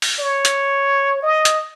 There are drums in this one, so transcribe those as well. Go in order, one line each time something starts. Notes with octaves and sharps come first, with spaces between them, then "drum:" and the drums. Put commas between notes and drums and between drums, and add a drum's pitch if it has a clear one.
drum: open hi-hat
C#5
drum: hi-hat
D#5
drum: hi-hat